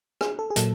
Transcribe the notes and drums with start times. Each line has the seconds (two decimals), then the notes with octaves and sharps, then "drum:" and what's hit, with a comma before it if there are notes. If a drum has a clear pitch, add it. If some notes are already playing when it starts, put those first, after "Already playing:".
0.21 G#4, drum: rim click
0.39 A4
0.50 G#4
0.56 A#2 F#3 A#3 A4, drum: hi-hat